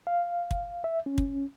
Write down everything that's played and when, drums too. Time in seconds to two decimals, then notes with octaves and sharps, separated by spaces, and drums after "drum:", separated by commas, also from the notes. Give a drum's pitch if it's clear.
0.07 F5
0.51 drum: kick
0.84 E5
1.06 C#4
1.18 drum: kick